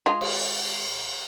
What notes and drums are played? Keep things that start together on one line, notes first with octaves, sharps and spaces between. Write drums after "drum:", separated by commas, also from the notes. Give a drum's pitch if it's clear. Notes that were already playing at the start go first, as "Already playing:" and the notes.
G#3 F4
drum: cymbal